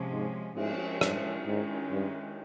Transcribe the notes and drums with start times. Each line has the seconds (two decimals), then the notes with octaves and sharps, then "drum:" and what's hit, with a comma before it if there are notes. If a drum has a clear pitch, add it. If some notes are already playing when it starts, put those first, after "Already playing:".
Already playing: C3 F3 G#3 C#4
0.12 G#2
0.56 G#2 F3 G#3 C#4, drum: cymbal
1.01 G2, drum: rim click
1.46 G#2 D#3 G#3 C#4
1.92 G2